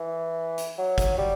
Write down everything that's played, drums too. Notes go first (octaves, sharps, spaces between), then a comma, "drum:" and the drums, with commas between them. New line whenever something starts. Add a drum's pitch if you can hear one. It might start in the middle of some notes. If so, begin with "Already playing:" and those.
Already playing: E3
drum: hi-hat
F#3
drum: kick, hi-hat
G3